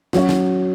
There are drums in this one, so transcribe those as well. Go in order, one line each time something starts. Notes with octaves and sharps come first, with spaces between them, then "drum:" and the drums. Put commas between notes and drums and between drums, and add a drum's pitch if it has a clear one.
F#3 C#4 F#4, drum: snare
drum: snare